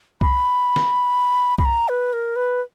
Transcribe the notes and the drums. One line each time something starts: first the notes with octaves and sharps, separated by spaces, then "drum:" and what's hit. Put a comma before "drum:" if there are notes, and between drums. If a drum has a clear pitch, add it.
B5, drum: kick C2
drum: snare
B5, drum: kick C2
A#5
B4
A#4
B4